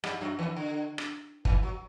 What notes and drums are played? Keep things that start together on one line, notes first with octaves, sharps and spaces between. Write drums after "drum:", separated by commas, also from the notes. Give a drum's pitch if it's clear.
G2 G3, drum: rim click
F#2 F#3
E2 E3
D3
drum: rim click
E2 E3, drum: kick
F#3